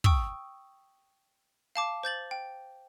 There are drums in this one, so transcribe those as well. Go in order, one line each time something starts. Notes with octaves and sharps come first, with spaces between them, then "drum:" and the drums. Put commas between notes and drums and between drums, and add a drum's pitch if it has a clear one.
G5 C#6 D#6 E6, drum: kick
F5 A5 D6
C5 G6 A6 F#7
G5